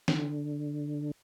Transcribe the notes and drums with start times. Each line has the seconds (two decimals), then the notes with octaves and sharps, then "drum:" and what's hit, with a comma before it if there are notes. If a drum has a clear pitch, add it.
0.08 D3, drum: snare